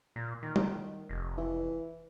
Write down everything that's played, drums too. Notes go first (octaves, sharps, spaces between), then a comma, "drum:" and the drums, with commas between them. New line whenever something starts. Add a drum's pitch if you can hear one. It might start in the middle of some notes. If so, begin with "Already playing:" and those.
A#2
D#3
drum: tom
F1
E3